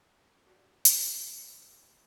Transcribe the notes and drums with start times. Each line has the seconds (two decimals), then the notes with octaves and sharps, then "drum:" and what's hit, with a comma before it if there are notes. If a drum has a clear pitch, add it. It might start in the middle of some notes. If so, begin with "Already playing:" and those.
0.46 D4 F#4 G4
0.85 D#4 F4 F#4 A4 C5, drum: hi-hat